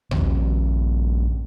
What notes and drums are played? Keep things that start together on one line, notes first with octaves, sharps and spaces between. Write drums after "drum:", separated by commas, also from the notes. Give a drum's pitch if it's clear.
A#1 D#3, drum: tom D#2